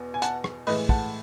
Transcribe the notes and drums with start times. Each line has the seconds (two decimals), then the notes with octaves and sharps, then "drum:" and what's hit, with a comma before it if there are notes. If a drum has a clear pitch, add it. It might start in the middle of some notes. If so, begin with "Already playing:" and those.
Already playing: E2 B2
0.14 G#5
0.22 F#5 A5, drum: hi-hat
0.44 drum: rim click
0.67 A2 E3 G#3 B4 D#5, drum: open hi-hat
0.89 F#5 A5, drum: kick